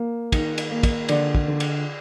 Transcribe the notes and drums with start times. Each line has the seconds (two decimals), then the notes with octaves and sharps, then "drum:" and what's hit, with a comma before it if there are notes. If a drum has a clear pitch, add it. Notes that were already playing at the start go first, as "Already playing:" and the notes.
Already playing: A#3
0.32 D#3, drum: kick, cymbal
0.58 drum: cymbal
0.70 A#3
0.83 drum: kick, cymbal
1.09 D3 D5, drum: cymbal
1.35 drum: kick
1.48 D3
1.60 drum: cymbal